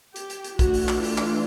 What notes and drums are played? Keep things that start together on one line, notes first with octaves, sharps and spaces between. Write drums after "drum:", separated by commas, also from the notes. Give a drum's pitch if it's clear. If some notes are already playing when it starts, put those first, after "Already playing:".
G4, drum: hi-hat
drum: hi-hat
drum: hi-hat
E3 A3 D4 F#4, drum: kick, hi-hat
drum: open hi-hat
drum: clap
F4, drum: open hi-hat
drum: clap